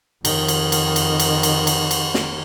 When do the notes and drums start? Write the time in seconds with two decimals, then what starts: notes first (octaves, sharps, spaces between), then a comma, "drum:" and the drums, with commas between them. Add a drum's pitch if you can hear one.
0.25 F2 D#3, drum: cymbal
0.48 drum: cymbal
0.72 drum: cymbal
0.96 drum: cymbal
1.20 drum: cymbal
1.43 drum: cymbal
1.67 drum: cymbal
1.91 drum: cymbal
2.14 drum: snare